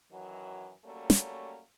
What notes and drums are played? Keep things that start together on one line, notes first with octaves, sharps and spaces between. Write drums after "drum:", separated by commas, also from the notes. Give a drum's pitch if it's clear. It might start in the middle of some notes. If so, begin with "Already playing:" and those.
F#2 D#3 E3 F#3
F#3 G3 A3 A#3 C#4
drum: snare